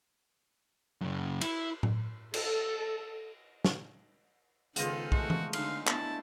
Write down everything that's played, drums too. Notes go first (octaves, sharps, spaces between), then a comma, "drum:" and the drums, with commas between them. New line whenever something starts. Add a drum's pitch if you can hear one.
F#2 C#3
E4, drum: cymbal
drum: tom A2
A4, drum: cymbal
drum: snare
C#2 D#3 B3 F4 G#4 A4 C5 D#5, drum: hi-hat
G#3 A3 F#4, drum: kick
drum: tom E3
D3 D#4 F5, drum: cymbal
B3 D4 E4 A5, drum: clap